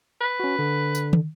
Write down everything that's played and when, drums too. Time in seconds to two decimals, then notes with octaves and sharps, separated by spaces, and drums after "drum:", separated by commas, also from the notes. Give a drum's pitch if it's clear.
0.21 B4
0.40 C#4 F#4
0.59 D3
0.95 drum: tambourine
1.13 drum: tom